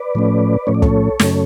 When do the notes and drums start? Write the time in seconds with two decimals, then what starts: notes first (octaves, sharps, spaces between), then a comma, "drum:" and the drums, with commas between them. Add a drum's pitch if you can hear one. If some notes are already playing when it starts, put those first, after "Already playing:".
Already playing: B4 D5
0.15 A2 F3 A3 C#4
0.67 A2 F3 A3 C#4 C#5
0.75 D5
0.82 A4 C#5, drum: kick
1.20 F#2 C#3 F#3 A3 C#4, drum: snare